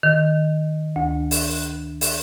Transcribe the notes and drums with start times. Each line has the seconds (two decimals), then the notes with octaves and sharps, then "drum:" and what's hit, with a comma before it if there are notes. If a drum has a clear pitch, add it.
0.03 D#3
0.96 D2
1.31 drum: open hi-hat
2.01 drum: open hi-hat